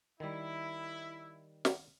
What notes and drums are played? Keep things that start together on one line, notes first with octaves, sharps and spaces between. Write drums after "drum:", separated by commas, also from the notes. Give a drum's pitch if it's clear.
D#3 G3 E4
drum: snare